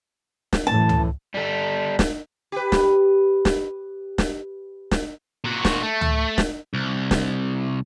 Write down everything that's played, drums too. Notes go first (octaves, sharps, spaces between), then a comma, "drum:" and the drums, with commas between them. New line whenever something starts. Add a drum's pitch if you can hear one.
drum: snare
F#2 A2 E3 A5
drum: tom C#2
G3 A4
drum: snare
G4 B4
drum: snare
drum: snare
drum: snare
drum: snare
A#2 F#4
drum: snare
A3
drum: tom C#2
drum: snare
C2
drum: snare